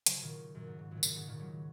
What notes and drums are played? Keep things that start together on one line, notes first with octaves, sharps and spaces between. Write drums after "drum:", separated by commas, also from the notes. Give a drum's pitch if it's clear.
C#3 F#3, drum: hi-hat
A#2 D#3
F#2 A#2
G#2
G#2
F#2 A#2
C#3
F#2 A#2, drum: tambourine
G#2 C#3
A#2 D#3
C#3 F#3